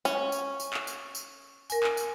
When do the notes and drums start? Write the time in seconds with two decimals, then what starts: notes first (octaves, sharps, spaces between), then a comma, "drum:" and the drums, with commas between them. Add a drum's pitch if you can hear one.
0.05 C#4, drum: tambourine
0.32 drum: tambourine
0.60 drum: tambourine
0.73 drum: clap
0.87 drum: tambourine
1.15 drum: tambourine
1.70 A#4 G#5, drum: tambourine
1.83 drum: clap
1.97 drum: tambourine